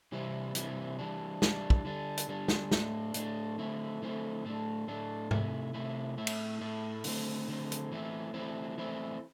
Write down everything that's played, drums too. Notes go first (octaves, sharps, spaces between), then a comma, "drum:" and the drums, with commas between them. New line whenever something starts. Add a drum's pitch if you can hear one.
C3 E3 G3 C4 E4
C3 E3 G3 C4 E4, drum: hi-hat
E3 G3 D4
E3 G3 D4, drum: snare
drum: kick
D3 G3 D4
drum: hi-hat
D3 G3 D4
drum: snare
A2 A3 D4, drum: snare
A2 A3 D4, drum: hi-hat
D3 A3 C4 E4
D3 A3 C4 E4
A2 A3 D4
A2 A3 D4
C3 A3 E4, drum: tom G#2
C3 A3 E4
A2 A3 E4
drum: cymbal
A2 A3 E4
D3 A3 C4, drum: open hi-hat
D3 A3 C4
drum: hi-hat
E3 A3 C4 E4
E3 A3 C4 E4
E3 A3 C4 E4